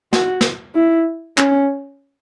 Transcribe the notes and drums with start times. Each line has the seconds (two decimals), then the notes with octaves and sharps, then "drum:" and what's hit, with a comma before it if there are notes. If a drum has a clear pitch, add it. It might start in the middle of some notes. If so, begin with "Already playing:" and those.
0.13 F#4, drum: snare
0.41 drum: snare
0.75 E4
1.38 C#4, drum: clap